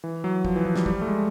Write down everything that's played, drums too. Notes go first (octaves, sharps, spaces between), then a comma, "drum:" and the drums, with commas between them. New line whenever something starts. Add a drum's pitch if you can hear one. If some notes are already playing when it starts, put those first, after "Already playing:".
E3
F#3
F3, drum: kick
E3
F3
G3, drum: snare
G3, drum: kick
A3
G#3